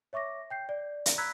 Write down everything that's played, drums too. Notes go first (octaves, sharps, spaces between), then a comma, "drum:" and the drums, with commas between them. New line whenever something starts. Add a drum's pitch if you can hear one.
C#5 E5 C#6 D6 A#6
G5 G6 C7
D5
drum: hi-hat
A#5 B5 E6 F#6 G#6 B6